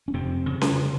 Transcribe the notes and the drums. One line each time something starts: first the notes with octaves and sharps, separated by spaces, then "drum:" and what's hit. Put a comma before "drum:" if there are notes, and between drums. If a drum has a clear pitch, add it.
C#4
F2 C3 C4
C#3
drum: snare C#4